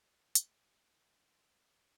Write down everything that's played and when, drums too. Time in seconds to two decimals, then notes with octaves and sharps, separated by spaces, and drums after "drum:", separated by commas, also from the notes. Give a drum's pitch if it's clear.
0.25 F2
0.35 drum: hi-hat
0.99 G4 A#4 C#5 F5 F#5
1.54 G#4 A4 B4 F5 F#5 G#5